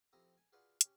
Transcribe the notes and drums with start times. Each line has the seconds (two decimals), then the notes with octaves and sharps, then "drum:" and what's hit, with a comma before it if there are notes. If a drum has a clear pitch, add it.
0.13 F2 C4 E4 G4 A#5 D#6
0.37 G#5
0.52 F4 F#4 G#4 B4 D5 F#5
0.81 C#4 G4, drum: hi-hat